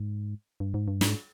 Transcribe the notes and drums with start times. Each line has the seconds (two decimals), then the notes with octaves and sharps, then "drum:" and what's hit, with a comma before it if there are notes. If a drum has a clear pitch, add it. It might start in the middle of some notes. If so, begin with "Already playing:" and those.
Already playing: G#2
0.60 G2
0.74 G#2
0.88 G2
1.01 G#2, drum: snare